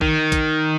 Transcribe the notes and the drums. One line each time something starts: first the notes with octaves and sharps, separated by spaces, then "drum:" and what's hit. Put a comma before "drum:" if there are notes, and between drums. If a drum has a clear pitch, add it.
D#3, drum: kick
drum: kick, hi-hat